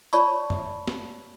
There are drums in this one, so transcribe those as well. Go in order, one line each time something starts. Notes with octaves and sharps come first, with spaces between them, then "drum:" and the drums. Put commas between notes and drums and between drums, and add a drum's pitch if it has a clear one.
C#5 D5 A5 B5 C#6, drum: tambourine
drum: tom F2
drum: snare